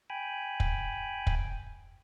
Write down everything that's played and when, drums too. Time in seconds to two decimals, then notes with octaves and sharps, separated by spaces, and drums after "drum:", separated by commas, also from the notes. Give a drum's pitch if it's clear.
0.10 G5 G#5 B5
0.60 drum: kick
1.27 drum: kick